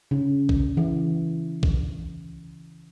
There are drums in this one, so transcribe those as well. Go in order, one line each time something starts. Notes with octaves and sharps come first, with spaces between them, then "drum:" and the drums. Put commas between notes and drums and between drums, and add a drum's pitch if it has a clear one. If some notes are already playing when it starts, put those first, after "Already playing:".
C#3
drum: kick
E3
drum: kick